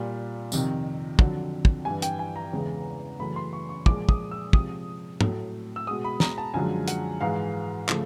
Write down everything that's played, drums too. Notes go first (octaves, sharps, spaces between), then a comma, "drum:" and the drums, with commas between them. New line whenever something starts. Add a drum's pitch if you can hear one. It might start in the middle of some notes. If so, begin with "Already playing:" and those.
Already playing: A#2 G3
F2 C3 D#3, drum: tambourine
F2 D3 F#3, drum: kick
drum: kick
G2 E3 G3 G#5
G5, drum: hi-hat
G#5
A#5
E2 C#3 E3 G#3
F#2 C#3 E3 A3 B5
C6
C#6
C#6
A#2 F3 G#3 D6, drum: kick
D#6, drum: kick
E6
C3 F3 G#3 D#6, drum: kick
A2 F#3 A3, drum: tom
E6
B2 G#3 D#6
B5
A#5, drum: snare
A5
F#2 D3 F3 G#3 G#5
F#5, drum: hi-hat
G#2 E3 G#3 F5
C#3 F3 A3, drum: clap